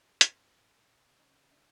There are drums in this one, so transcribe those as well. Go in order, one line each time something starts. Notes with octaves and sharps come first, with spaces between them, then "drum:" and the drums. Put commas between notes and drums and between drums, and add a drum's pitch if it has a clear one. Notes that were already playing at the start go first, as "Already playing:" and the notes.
G#2 B3 C#4, drum: hi-hat
G#2
G#2
A2
A#2
A#2
C3
C3
C#3 C#4 D#4
D4 E4